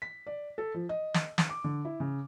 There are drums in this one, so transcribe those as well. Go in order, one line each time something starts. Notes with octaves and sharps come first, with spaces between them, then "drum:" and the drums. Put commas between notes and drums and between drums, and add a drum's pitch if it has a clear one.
B6
D5
A4
F3
D#5
drum: snare
drum: snare
D6
D3
E4
C#3